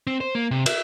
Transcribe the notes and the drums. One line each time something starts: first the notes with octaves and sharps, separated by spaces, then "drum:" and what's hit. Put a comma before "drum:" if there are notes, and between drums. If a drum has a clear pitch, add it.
C4
C5
A#3
C3
E5, drum: cymbal